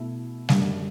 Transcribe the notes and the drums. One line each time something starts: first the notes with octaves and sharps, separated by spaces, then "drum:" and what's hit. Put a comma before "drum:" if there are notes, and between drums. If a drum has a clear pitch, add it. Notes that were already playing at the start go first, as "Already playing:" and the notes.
Already playing: B2 A3 E4
F#2 D3 G3 A3, drum: snare G3